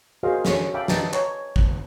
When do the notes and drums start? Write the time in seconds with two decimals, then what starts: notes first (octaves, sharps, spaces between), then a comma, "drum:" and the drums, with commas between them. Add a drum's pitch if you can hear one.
0.23 F#4 G#4 A#4 C5 D#5 F5
0.45 C#4 A4 C#6, drum: snare
0.74 E5 F5 G5 A5 B5 D6
0.88 B4 D#5 G5 A5 A#5 D6, drum: snare
1.13 C#5 A#5, drum: clap
1.56 drum: kick